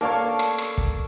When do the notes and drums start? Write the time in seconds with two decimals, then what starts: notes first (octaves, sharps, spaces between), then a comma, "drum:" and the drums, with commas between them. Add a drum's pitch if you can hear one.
0.01 A#3 D4 A4 C#5 F5
0.39 drum: rim click
0.58 drum: rim click
0.78 drum: kick